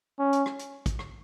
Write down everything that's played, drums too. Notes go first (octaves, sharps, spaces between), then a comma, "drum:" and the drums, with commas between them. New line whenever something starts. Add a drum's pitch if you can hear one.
C#4
drum: hi-hat
drum: rim click
drum: hi-hat
drum: kick, hi-hat
drum: rim click